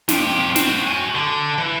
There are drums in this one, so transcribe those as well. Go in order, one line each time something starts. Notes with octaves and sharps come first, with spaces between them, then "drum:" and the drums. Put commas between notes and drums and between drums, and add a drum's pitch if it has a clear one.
F2 G4, drum: snare
C4 F#4, drum: snare
F#4 G#5
D3
E3